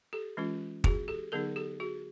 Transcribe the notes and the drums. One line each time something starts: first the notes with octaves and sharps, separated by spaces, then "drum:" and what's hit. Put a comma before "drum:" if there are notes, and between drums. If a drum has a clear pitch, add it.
G4 A4
E3 G#3 C#4 F4
F#4 G#4, drum: kick
G4 A4
D3 F#3 B3 D#4 G#4 A#4
G4 A4
F#4 G#4